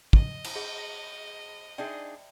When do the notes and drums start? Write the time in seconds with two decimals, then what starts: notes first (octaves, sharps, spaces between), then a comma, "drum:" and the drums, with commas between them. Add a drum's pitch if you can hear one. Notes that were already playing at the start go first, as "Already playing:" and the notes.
0.13 D#5, drum: kick
0.44 drum: cymbal
0.56 G#4 A#6
1.78 D4 D#4 G#4 D5 E5 G5